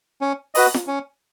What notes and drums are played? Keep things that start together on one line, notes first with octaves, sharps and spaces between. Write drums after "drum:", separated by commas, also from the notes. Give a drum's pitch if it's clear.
C#4
F#4 B4 D#5, drum: open hi-hat
drum: snare F4
C#4